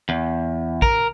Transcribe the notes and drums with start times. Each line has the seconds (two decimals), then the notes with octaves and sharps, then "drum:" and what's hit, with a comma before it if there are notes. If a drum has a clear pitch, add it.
0.09 E2
0.82 A#4, drum: kick